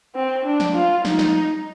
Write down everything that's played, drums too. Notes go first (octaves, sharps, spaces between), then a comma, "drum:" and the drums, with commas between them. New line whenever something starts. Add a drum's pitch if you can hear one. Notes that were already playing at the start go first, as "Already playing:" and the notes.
C4
D4
drum: snare
F4
D#4, drum: snare
drum: snare